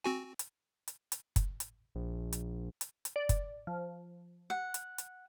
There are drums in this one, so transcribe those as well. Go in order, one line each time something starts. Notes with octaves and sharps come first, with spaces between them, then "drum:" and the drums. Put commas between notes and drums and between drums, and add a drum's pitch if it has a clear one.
C4 F#4 G#5
drum: hi-hat
drum: hi-hat
drum: hi-hat
drum: kick F#1, hi-hat
drum: hi-hat
A#1
drum: hi-hat
drum: hi-hat
drum: hi-hat
D5
drum: kick F#1, hi-hat
F3
F#5
drum: hi-hat
drum: hi-hat